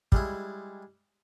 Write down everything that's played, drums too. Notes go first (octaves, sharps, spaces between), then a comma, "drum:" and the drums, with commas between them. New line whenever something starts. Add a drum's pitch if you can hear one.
G3 G#3 E4, drum: kick